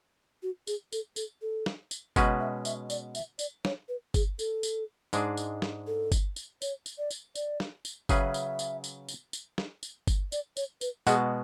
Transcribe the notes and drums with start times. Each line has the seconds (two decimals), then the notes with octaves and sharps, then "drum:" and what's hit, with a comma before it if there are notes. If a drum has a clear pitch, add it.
0.43 F#4
0.67 G#4, drum: tambourine
0.92 A4, drum: tambourine
1.16 A4, drum: tambourine
1.42 A4
1.66 drum: snare
1.91 drum: tambourine
2.16 B2 G#3 C#4 F#4 B4 C#5, drum: kick G1, tambourine
2.40 E5
2.65 E5, drum: tambourine
2.90 D5, drum: tambourine
3.15 E5, drum: tambourine
3.39 D5, drum: tambourine
3.65 C#5, drum: snare
3.89 B4
4.14 G#4, drum: kick G1, tambourine
4.39 A4, drum: tambourine
4.63 drum: tambourine
5.13 G#2 G#3 D4 G#4, drum: tambourine
5.37 drum: tambourine
5.62 drum: snare
5.87 A4
6.12 drum: kick G1, tambourine
6.36 drum: tambourine
6.62 C#5, drum: tambourine
6.86 drum: tambourine
6.98 D5
7.11 drum: tambourine
7.35 D5, drum: tambourine
7.60 drum: snare
7.85 drum: tambourine
8.09 C#3 F#3 C#4 G#4 B4 E5, drum: kick G1, tambourine
8.34 drum: tambourine
8.59 drum: tambourine
8.84 drum: tambourine
9.08 drum: tambourine
9.33 drum: tambourine
9.58 drum: snare
9.83 drum: tambourine
10.07 drum: kick G1, tambourine
10.32 D5, drum: tambourine
10.57 C#5, drum: tambourine
10.81 B4, drum: tambourine
11.07 B2 G#3 B3 F#4 G#4, drum: tambourine